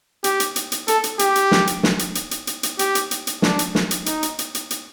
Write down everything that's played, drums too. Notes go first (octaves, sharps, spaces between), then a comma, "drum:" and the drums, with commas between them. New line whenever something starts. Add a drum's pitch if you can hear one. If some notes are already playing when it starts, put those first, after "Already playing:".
G4, drum: hi-hat
drum: hi-hat
drum: hi-hat
drum: hi-hat
A4, drum: hi-hat
drum: hi-hat
G4, drum: hi-hat
drum: hi-hat
drum: snare
drum: hi-hat
drum: snare
drum: hi-hat
drum: hi-hat
drum: hi-hat
drum: hi-hat
drum: hi-hat
G4, drum: hi-hat
drum: hi-hat
drum: hi-hat
drum: hi-hat
D4, drum: snare
drum: hi-hat
drum: snare
drum: hi-hat
D#4, drum: hi-hat
drum: hi-hat
drum: hi-hat
drum: hi-hat
drum: hi-hat